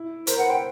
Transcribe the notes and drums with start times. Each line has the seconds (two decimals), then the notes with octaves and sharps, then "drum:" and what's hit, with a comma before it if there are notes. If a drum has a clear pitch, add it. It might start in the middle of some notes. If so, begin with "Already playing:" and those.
Already playing: E4
0.27 A#4 C5, drum: hi-hat
0.38 B4 F#5
0.49 C5 G5